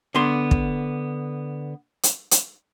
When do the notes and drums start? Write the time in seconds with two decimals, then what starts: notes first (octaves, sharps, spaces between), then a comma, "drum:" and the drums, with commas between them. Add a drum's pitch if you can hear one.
0.15 D3 B3 C6
0.51 drum: kick
2.03 drum: hi-hat
2.31 drum: hi-hat